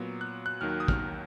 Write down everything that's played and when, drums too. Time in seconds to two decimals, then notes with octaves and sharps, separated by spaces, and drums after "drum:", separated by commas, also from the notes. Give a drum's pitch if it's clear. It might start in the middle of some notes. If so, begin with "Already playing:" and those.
Already playing: A#2 F#3 B3
0.21 F#6
0.46 F#6
0.61 D#2 D#3 F#3 F6
0.80 D#6
0.88 F6, drum: kick